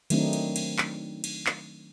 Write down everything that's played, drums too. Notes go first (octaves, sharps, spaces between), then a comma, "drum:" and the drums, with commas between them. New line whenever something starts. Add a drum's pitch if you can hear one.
D#3 F#3 A3 C4 D4 D#4, drum: cymbal
drum: cymbal
drum: cymbal
drum: clap
drum: cymbal
drum: clap